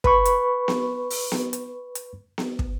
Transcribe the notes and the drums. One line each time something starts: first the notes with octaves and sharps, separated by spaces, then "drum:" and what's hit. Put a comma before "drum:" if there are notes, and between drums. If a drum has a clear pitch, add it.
B4 B5 C#6, drum: kick
drum: hi-hat
drum: snare B3
drum: open hi-hat
drum: snare B3
drum: hi-hat
drum: hi-hat
drum: snare B3
drum: kick